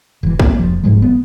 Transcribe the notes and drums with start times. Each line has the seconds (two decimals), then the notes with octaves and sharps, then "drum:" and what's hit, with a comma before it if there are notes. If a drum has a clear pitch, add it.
0.23 E1 E3
0.39 A#3, drum: kick
0.59 F1 F3
0.84 E1 G#2 F#3 G#3
1.02 B3